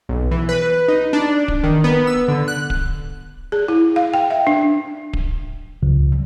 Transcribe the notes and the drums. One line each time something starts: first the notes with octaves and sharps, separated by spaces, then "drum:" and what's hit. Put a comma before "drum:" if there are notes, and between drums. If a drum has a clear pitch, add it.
B1
E3
B4
D#4
D4
drum: kick D1
D#3
B3
E6
D3
F#6
drum: kick D1
G#4
E4
F5
G5
E5
D4
drum: kick D1
C#2